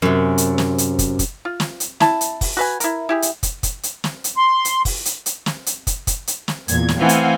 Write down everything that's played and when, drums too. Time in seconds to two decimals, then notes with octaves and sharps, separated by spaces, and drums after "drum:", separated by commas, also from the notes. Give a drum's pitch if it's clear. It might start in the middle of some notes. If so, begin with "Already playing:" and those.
0.02 F#2 C3
0.38 drum: hi-hat
0.58 drum: snare
0.78 drum: hi-hat
0.99 drum: kick, hi-hat
1.19 drum: kick, hi-hat
1.45 F4
1.60 drum: snare
1.80 drum: hi-hat
2.00 E4 A5, drum: snare
2.21 drum: hi-hat
2.41 drum: kick, open hi-hat
2.57 F#4 B4 G#5
2.80 E4 A#4, drum: hi-hat
3.09 E4 G4 G#4
3.22 drum: hi-hat
3.43 drum: kick, hi-hat
3.63 drum: kick, hi-hat
3.83 drum: hi-hat
4.04 drum: snare
4.24 drum: hi-hat
4.37 C6
4.65 drum: hi-hat
4.85 drum: kick, open hi-hat
5.05 drum: hi-hat
5.26 drum: hi-hat
5.46 drum: snare
5.66 drum: hi-hat
5.87 drum: kick, hi-hat
6.07 drum: kick, hi-hat
6.27 drum: hi-hat
6.48 drum: snare
6.68 E2 A#2 G#6, drum: hi-hat
6.88 drum: snare
6.98 E3 A3 C4 F5 F#5 G#5
7.09 drum: hi-hat